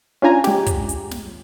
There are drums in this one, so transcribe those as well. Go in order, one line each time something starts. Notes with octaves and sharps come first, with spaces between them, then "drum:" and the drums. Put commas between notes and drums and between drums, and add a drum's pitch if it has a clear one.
C#4 D4 F4 G#5 A#5
G#3 G4, drum: snare
drum: kick, hi-hat
drum: hi-hat
drum: snare